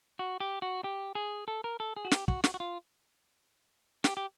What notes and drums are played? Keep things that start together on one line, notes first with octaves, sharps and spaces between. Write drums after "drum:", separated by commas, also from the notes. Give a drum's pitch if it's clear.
F#4
G4
F#4
G4
G#4
A4
A#4
A4
G#4
F#4
G4, drum: snare
F#4, drum: kick
F#4, drum: snare
F#4
F4
G4, drum: snare
G4